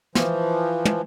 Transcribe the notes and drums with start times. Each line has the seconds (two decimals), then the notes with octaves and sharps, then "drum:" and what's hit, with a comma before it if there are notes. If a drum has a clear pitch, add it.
0.15 E3 F3, drum: snare
0.85 drum: tom